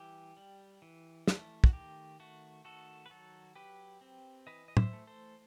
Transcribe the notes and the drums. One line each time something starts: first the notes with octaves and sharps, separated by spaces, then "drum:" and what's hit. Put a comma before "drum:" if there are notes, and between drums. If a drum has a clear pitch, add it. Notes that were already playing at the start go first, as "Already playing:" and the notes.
Already playing: E3 G3 G4
G3
E3
A3, drum: snare
F#4, drum: kick
D#3 G4
A3 F#4
D#3 F#4 A4
B4
F#3 F#4 A4
F#3 G4 B4
C4
E3 B4 D#5
D#5
C5 E5, drum: tom
A3
A4 C5